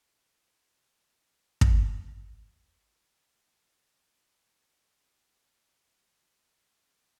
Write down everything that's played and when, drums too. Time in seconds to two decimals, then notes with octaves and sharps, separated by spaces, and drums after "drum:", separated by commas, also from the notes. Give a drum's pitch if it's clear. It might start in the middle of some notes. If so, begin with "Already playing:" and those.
0.13 B5 C#6
0.84 D5 D#5 A#5
1.61 drum: kick
2.91 C2 G#2
3.13 B4 D5
3.37 D#5
3.61 E5
3.80 F#3 B3
4.02 G#2 B2
4.65 F#3 D#4 A4 B4 C#6
4.79 G3 C#4 C5 E5 G#5 E6
4.96 A#3 C4 G4 A4 A#4
5.16 E4 E5 F5 G#5 A#5 D6
5.31 A3 C#4 D#5
5.63 D#5 G5
6.09 G4
6.88 C3